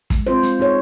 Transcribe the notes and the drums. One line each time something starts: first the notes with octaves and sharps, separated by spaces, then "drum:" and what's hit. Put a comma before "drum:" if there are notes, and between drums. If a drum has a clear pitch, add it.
G#3, drum: kick, hi-hat
C4 F4 C5
G#3, drum: hi-hat
D#4 G#4 C#5